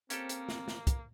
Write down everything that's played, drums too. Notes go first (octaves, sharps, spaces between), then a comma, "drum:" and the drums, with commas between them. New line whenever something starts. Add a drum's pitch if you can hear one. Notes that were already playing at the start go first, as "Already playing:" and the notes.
A#3 C4 C#4 G4 A4, drum: hi-hat
drum: hi-hat
drum: snare
drum: snare
drum: kick, hi-hat